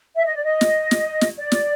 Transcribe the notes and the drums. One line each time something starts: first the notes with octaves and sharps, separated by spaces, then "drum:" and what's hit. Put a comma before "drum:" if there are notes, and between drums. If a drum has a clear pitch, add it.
E5
D#5
D5
D#5
drum: snare
drum: snare
drum: snare
D5
drum: snare